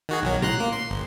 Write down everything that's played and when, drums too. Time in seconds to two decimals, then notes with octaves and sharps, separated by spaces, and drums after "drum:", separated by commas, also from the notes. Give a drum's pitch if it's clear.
0.09 D#3 F#4 G#4
0.22 B1 D#3 F#3
0.42 A#5 C6 F#6, drum: tom A2
0.60 A#3
0.73 C6
0.90 G1